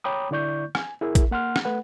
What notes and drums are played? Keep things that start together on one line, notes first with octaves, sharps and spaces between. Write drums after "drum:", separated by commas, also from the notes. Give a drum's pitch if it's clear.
C#5 G5 A#5 B5 D6 D#6
D3 E4 D5 C#6 G6
G#5, drum: rim click
E4 G#4 A#4 E5
drum: kick, hi-hat
A#3 F#5 C6 F6
drum: rim click
A3 B4 F#5